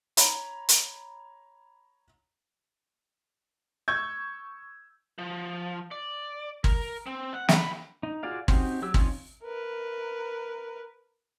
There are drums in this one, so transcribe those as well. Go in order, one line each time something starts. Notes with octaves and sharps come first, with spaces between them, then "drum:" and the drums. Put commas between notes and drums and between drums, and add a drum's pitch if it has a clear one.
C#5 A#5 B5, drum: hi-hat
drum: hi-hat
C#6 E6 G6 G#6
F3
D5
A#4, drum: kick G#1
C4
F#5
D#2 B5, drum: snare
D#4
F4 F#4 G#4 D5 F5
C4 C#4 D#4 F#4 G4, drum: kick G#1
F#3 G4 E6
C4 C#4 D#4 F4 C#5, drum: kick G#1
A#4 B4